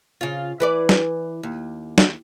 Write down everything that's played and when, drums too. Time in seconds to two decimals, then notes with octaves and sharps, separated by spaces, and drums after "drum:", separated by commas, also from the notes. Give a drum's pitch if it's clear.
0.21 C#3 F4
0.60 E3 B4 D5
0.89 drum: snare
1.43 D#2
1.98 drum: snare